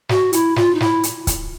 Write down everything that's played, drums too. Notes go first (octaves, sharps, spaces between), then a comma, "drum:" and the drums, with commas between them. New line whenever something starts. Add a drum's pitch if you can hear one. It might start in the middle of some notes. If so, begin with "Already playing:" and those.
F#4, drum: snare
E4, drum: hi-hat
F4, drum: snare
D#4
E4, drum: snare
drum: hi-hat
drum: kick, hi-hat